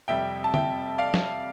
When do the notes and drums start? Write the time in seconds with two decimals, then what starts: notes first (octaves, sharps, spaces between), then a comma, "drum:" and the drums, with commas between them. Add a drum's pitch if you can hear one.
0.08 F2 C3 G3 E5 G5
0.44 A5
0.54 E5 G5, drum: tom D3
0.98 D5 F5
1.14 drum: snare